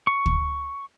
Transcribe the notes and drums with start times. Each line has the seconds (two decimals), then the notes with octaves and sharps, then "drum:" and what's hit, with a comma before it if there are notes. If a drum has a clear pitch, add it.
0.07 C#6
0.26 drum: kick